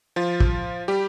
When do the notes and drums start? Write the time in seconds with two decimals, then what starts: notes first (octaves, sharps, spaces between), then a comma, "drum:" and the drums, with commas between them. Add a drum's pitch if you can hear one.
0.16 F3 F4
0.40 drum: kick
0.88 G3 G4